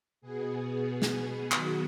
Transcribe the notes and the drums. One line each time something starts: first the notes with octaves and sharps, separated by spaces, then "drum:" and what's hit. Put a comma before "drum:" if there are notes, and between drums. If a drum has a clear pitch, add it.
B2 B3 G#4
drum: snare
D#3 F#3 B3 F#4, drum: clap